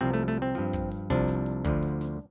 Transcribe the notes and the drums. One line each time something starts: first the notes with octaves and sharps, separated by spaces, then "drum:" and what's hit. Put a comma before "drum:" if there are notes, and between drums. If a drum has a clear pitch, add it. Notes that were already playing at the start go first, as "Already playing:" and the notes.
C2 C3 F3 C4
A3
A3
C4
G2 F3, drum: hi-hat
drum: kick, hi-hat
drum: hi-hat
C2 C3 F3 D4, drum: kick, hi-hat
drum: snare
drum: hi-hat
D2 D3 F3, drum: kick, hi-hat
drum: hi-hat
drum: snare